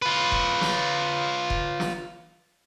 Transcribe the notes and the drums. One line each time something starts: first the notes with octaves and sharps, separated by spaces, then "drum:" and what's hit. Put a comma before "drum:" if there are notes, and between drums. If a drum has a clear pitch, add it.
F4 B4
drum: kick F1
drum: snare
drum: kick F1
drum: snare